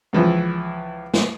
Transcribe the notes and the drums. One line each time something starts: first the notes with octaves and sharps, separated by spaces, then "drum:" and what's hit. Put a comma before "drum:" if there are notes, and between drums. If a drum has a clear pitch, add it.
C#2 E3 F3
drum: snare